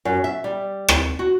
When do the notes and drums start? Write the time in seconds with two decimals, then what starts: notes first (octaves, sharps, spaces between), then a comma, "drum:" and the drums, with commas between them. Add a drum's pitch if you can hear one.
0.05 F#2
0.24 E5
0.44 G3
0.88 drum: rim click
1.19 F#4